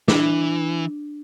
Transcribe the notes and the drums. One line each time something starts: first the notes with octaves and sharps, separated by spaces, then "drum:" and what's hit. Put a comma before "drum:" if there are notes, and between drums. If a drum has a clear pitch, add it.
E3 D4, drum: snare